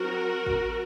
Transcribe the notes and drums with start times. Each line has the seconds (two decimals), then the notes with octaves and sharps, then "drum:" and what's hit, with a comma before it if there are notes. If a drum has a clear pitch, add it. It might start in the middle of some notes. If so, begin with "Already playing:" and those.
Already playing: F#3 C4 F#4 A#4
0.47 drum: kick